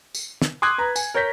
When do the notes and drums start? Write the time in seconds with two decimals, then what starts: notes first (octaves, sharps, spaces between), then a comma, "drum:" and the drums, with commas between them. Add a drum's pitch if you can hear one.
0.15 drum: tambourine
0.42 drum: snare
0.62 C6 D6 D#6 F#6 G#6
0.78 B4 A#5
0.96 G#5, drum: tambourine
1.14 A#4 C#5 G6 A#6 B6